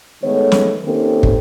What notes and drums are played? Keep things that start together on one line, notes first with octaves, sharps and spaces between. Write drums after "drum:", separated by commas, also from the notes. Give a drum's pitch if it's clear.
D#3 G#3 A3 B3 A4 C#5
drum: snare
D#3 A#3 C4 C#4 G4 A4
drum: kick